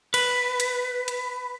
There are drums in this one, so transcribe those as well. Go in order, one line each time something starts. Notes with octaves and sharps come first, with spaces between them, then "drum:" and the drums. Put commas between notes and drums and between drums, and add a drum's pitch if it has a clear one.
B4, drum: cymbal
drum: hi-hat
drum: hi-hat